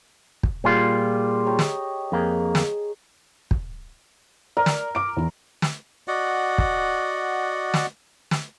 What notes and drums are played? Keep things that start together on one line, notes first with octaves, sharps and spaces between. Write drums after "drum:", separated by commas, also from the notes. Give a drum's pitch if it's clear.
drum: kick
A#2 G3 F4 G#4
G4 C#5 A#5
D#5 D#6, drum: snare
F2 A#3 G#4
drum: snare
drum: kick
A#4 D5
drum: snare
D6 D7
E2 E4
drum: snare
F#4 D5 D#5 F#5
drum: kick
drum: snare
drum: snare